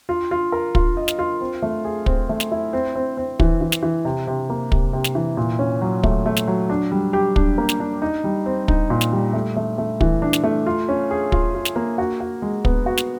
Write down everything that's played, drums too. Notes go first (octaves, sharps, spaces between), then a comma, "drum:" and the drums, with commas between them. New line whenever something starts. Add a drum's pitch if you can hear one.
F4
F4
A#4
F4, drum: kick
D#5
drum: snare
F4
C4
A3
G#4
C4, drum: kick
A3
drum: snare
E4
C4
C4
C4
E3, drum: kick
E3
drum: snare
E3
C3
C3
A#3
C3, drum: kick
C3
drum: snare
E3
A#2
C#4
F#3
A3, drum: kick
A3
drum: snare
F#3
D4
G3
G4
D4, drum: kick
A#3
drum: snare
D4
D#4
G3
C4
D#4, drum: kick
A#2
drum: snare
G3
A3
A3
A3
E3, drum: kick
D4
drum: snare
A3
F4
C#4
G#4
F4, drum: kick
F4
drum: snare
A#3
F#4
F#4
G#3
B3, drum: kick
F#4
drum: snare